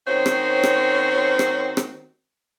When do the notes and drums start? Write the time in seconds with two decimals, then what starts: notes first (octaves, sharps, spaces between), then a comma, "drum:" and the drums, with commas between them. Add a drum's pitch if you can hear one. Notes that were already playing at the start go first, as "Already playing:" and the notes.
0.07 D#3 C4 C#4 F#4 C5 C#5
0.26 drum: rim click
0.63 drum: rim click
1.39 drum: rim click
1.77 drum: rim click